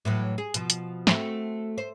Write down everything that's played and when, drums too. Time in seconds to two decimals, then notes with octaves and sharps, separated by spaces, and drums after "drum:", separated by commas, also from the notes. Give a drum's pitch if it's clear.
0.05 A2 E3 F#3
0.38 G#4
0.54 B2 F3, drum: hi-hat
0.70 drum: hi-hat
1.07 A3 C4 F#4, drum: snare
1.78 C5